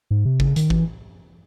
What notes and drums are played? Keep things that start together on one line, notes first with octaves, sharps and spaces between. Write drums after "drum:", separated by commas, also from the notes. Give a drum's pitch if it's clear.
G#2
C3
C#3, drum: kick
D#3, drum: hi-hat
E3, drum: kick